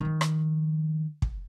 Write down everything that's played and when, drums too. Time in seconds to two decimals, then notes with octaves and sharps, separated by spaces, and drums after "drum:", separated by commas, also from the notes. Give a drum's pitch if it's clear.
0.01 D#3 F3
0.21 drum: rim click
1.22 drum: kick